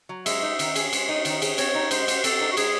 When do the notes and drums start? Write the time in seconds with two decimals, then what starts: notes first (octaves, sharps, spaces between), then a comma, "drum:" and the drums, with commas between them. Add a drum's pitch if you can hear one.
0.09 F#3
0.26 G#3 E5, drum: cymbal
0.42 D#4
0.59 D#3, drum: cymbal
0.76 G#4, drum: cymbal
0.93 G#3, drum: cymbal
1.09 D#4
1.25 D#3, drum: cymbal
1.42 G#4, drum: cymbal
1.58 C4 C#5, drum: cymbal
1.75 D#4
1.91 G#3 C5, drum: cymbal
2.08 F#4, drum: cymbal
2.24 C4 A4, drum: cymbal
2.41 D#4
2.52 F#4
2.57 G#3 G#4, drum: cymbal